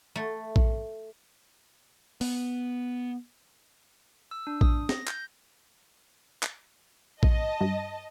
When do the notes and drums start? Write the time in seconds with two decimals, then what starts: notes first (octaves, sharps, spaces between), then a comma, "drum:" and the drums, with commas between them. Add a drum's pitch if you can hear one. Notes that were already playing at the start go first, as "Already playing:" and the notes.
0.16 A3
0.56 drum: kick A#1
2.21 B3, drum: open hi-hat
4.31 E6
4.47 D4
4.61 D#6, drum: kick A#1
4.89 A#6, drum: snare
5.08 G6, drum: clap
6.43 drum: clap
7.23 D#5 A5, drum: kick A#1
7.61 G2